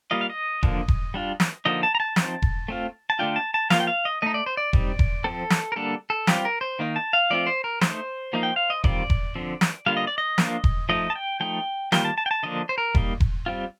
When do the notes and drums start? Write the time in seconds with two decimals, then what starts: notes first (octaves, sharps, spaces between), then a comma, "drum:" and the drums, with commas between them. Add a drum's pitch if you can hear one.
0.11 G3 A#3 F4 D#5
0.21 F5
0.30 D#5
0.63 D3 F3 A#3 D4, drum: kick E1
0.88 drum: kick E1
1.14 G3 D4 F4
1.40 drum: snare
1.65 D3 F3 A#3 D#4 D#5
1.83 A5
1.95 A#5
2.00 A5
2.16 F3 C4 D#4, drum: snare
2.42 drum: kick E1
2.68 A3 C4 F4
3.10 A5
3.19 D3 A3 D4 F4 G5
3.36 A5
3.54 A5
3.70 F3 A#3 F4 F5, drum: snare
3.80 G5
3.87 F5
4.05 D#5
4.22 A3 D#4 D#5
4.34 D5
4.46 C5
4.57 D5
4.73 G3 C4 D#4, drum: kick E1
4.99 drum: kick E1
5.24 F3 A3 C4 A4
5.50 drum: snare
5.72 A#4
5.76 D3 G3 A#3 D4 A4
6.10 A4
6.27 G3 C4 F4 G4, drum: snare
6.45 A#4
6.61 C5
6.79 D#3 A#3 D#4
6.96 A5
7.13 F5
7.30 F3 A3 C4 F4 D5
7.47 C5
7.64 A#4
7.81 A3 D#4 C5, drum: snare
8.33 F3 A#3 D#4
8.43 G5
8.56 F5
8.70 D#5
8.84 D#3 G3 C4 F4 D5, drum: kick E1
9.10 drum: kick E1
9.35 D3 F3 C4
9.61 drum: snare
9.86 D3 G3 A#3 F4 F5
9.97 D#5
10.07 D5
10.18 D#5
10.38 F3 A#3 D4 F4, drum: snare
10.64 drum: kick E1
10.89 F3 A3 D#4 D#5
11.10 A5
11.16 G5
11.40 F3 A3 D#4 G5
11.92 D#3 G3 A#3 F4 G5, drum: snare
12.05 A5
12.18 A5
12.26 G5
12.31 A5
12.43 D3 F3 A#3 D4 D#5
12.69 C5
12.78 A#4
12.95 G3 A#3 D#4, drum: kick E1
13.20 drum: kick E1
13.46 G3 C4 F4